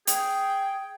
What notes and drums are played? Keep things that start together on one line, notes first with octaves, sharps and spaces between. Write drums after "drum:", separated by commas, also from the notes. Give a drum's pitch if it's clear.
G#4 G5, drum: hi-hat